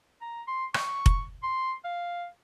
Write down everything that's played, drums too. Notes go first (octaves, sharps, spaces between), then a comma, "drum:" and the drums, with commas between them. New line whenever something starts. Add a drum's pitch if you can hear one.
A#5
C6
C#6, drum: rim click
drum: kick F1
C6
F5